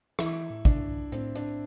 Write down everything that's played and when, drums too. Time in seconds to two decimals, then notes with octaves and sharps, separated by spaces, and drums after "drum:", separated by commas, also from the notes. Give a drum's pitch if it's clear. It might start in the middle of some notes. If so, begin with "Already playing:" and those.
0.19 E3 E4, drum: rim click
0.50 A2
0.65 D4, drum: kick, hi-hat
0.81 G2
1.12 A2 C4, drum: hi-hat
1.35 D4, drum: hi-hat